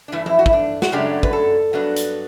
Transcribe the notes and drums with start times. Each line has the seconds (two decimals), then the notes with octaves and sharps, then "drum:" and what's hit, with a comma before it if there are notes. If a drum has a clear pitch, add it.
0.08 D4
0.12 G2 E3 A3 E4
0.26 E4, drum: tom F3
0.39 F#4
0.46 E4, drum: kick
0.53 D4
0.82 F#4, drum: snare
0.92 F#2 C#3 F#3 A3 D4 G4
1.23 B4, drum: kick
1.33 A4
1.73 G2 F#3 B3 D4
1.96 drum: hi-hat